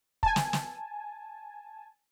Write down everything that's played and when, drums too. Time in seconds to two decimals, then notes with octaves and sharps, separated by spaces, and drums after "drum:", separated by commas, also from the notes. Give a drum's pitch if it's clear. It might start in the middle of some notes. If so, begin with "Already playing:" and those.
0.23 G#5 A5, drum: kick
0.36 drum: snare
0.53 drum: snare